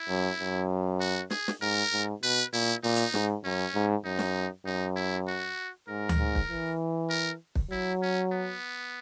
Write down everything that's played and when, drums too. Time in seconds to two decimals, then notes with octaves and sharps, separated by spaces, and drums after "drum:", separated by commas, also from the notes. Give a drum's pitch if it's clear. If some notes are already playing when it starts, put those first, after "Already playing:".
Already playing: E4
0.08 F#2
0.40 F#2
1.00 F#4
1.30 G#4, drum: snare
1.48 drum: snare
1.61 G#2 A#4
1.92 G#2
2.23 B2 B4
2.53 A#2 E4
2.83 A#2 D#4
2.96 drum: hi-hat
3.14 G#2, drum: snare
3.44 F#2 C#4
3.74 G#2
4.05 F#2 D#4
4.19 drum: snare
4.66 F#2 D#4
4.96 E4
5.28 F#4
5.88 G#2 A#4
6.09 drum: tom D2
6.18 G#2
6.35 drum: kick
6.50 E3
7.10 A#4
7.55 drum: kick
7.71 F#3 E4
8.02 C#4
8.32 B3